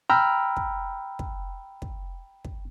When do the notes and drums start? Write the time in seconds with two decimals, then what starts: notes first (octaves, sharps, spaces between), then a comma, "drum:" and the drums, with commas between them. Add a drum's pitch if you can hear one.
0.10 G5 A#5 B5 E6 F6
0.57 drum: kick
1.19 drum: kick
1.82 drum: kick
2.45 drum: kick